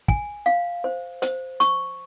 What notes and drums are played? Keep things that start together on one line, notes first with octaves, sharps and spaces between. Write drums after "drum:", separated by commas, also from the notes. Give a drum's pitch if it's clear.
G#5, drum: kick
F5
C5
C5, drum: hi-hat
C#6, drum: hi-hat